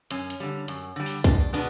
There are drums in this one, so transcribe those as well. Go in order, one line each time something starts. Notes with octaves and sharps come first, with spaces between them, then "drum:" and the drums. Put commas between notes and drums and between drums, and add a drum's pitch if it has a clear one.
F#2 C#4, drum: hi-hat
drum: hi-hat
D3 G3
F#2, drum: hi-hat
D3 G3
drum: open hi-hat
E2 D4, drum: kick B1, hi-hat
B2 G#3 B3 D4